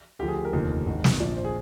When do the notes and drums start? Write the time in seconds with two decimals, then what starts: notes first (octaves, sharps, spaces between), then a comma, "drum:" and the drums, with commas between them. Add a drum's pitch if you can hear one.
0.19 D2 D3 F3 G4
0.28 G#4
0.36 G4
0.45 A#4
0.53 F1 D#2 D3 F3
0.86 G#1 G#2 D#3
1.04 drum: snare
1.20 A#1 A#2 F3 D5
1.37 C5
1.45 G#4